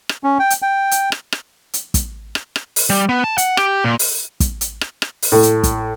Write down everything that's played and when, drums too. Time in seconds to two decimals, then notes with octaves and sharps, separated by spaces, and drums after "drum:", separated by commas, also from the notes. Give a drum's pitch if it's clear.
0.09 drum: rim click
0.24 C#4
0.39 G5
0.50 drum: hi-hat
0.62 G5
0.91 drum: hi-hat
1.12 drum: rim click
1.32 drum: rim click
1.74 drum: hi-hat
1.94 drum: kick, hi-hat
2.35 drum: rim click
2.56 drum: rim click
2.76 drum: open hi-hat
2.90 G3
3.09 B3
3.24 A5
3.38 F#5, drum: hi-hat
3.57 G4, drum: rim click
3.84 A#2
3.99 drum: open hi-hat
4.40 drum: kick, hi-hat
4.61 drum: hi-hat
4.81 drum: rim click
5.02 drum: rim click
5.22 drum: open hi-hat
5.32 A2
5.43 drum: hi-hat
5.63 drum: kick, hi-hat